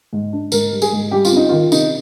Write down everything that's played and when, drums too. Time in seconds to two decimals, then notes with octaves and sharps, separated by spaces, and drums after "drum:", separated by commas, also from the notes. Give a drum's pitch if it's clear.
0.13 G#2
0.33 D4
0.52 G#2 A#4, drum: tambourine
0.72 G3
0.82 G#4, drum: tambourine
0.93 G#2
1.11 G3 G4
1.25 F4, drum: tambourine
1.32 C4 D#4
1.49 D#3 F4
1.72 C3 D#4, drum: tambourine